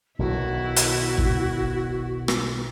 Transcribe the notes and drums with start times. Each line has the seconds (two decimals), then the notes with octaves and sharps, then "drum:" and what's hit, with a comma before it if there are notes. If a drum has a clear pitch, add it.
0.19 B1 D#3 E4 F#4
0.76 drum: hi-hat
1.18 drum: kick
2.28 drum: rim click